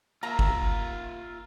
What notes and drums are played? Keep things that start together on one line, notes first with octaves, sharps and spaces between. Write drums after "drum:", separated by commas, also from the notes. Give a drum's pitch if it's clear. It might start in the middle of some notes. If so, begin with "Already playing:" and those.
A#3 F4 E5 A#5
drum: kick G1